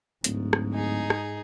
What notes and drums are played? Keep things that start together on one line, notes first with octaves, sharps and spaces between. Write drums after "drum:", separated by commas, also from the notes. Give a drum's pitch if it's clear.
D1 G#2, drum: hi-hat
drum: rim click
D#4 G#4
drum: rim click